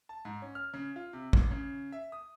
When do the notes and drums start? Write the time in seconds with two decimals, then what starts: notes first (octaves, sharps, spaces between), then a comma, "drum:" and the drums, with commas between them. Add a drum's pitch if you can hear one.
0.09 A5
0.25 G#2
0.42 C#4
0.55 F6
0.74 C#3
0.96 F4
1.13 C3
1.33 A1, drum: kick A1
1.51 C#3
1.92 E5
2.12 D#6